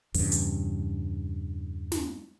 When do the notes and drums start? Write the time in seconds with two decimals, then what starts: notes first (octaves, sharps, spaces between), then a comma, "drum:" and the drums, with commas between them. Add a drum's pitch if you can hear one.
0.14 E2 G2 C#3, drum: open hi-hat
0.32 drum: hi-hat
1.92 drum: snare